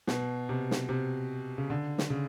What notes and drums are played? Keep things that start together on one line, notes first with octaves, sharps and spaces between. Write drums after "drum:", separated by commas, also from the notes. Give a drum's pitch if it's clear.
B2, drum: snare
C3
drum: snare
C3
C#3
D3
drum: snare
C#3